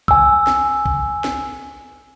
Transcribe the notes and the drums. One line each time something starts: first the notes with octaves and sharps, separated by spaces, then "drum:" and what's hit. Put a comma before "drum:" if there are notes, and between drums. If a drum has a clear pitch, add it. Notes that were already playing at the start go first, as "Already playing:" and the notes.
G#5 E6, drum: kick
drum: snare
drum: kick
drum: snare